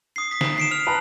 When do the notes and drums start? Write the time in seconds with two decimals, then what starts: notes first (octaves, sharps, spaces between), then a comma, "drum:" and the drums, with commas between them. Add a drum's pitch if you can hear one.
0.16 D#6 C7
0.31 D#6 B6
0.41 drum: snare
0.58 C7 D7 E7
0.71 F6 F7
0.87 B4 A5 A#5